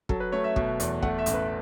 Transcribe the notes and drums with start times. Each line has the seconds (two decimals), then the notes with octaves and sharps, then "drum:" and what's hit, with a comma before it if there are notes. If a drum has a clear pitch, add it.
0.09 F#3 A4, drum: kick
0.20 B4
0.32 A3 C#5
0.44 E5
0.56 B2, drum: kick
0.80 E2, drum: hi-hat
1.03 A3 F#5, drum: kick
1.18 E5
1.26 A1, drum: hi-hat
1.34 B4